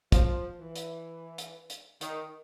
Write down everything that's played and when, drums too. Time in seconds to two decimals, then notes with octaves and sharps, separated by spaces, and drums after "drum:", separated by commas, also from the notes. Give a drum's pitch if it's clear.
0.12 F3, drum: kick, hi-hat
0.59 E3
0.76 drum: hi-hat
1.38 drum: hi-hat
1.70 drum: hi-hat
2.01 D#3, drum: hi-hat